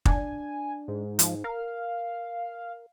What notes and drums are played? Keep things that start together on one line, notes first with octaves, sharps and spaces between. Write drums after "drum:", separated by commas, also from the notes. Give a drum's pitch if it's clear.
D4 G#5, drum: kick
G#2
F3, drum: hi-hat
A#4 F5